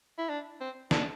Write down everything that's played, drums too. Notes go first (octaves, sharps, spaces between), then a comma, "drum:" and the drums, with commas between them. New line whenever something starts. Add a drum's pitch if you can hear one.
E4
D4
C4
D4, drum: snare